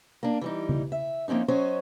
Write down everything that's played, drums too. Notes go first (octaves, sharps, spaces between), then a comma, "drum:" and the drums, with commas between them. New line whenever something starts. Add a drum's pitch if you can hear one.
A#3 D4
E3 G3 D#4
drum: tom C#3
E5
F3 A#3 C4 C#4 D#4
F#3 C#4 C5 C#5 D#5